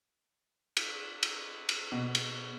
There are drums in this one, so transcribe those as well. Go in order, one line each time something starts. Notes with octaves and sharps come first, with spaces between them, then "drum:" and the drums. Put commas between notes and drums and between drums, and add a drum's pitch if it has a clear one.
drum: cymbal
drum: cymbal
drum: cymbal
B2
drum: cymbal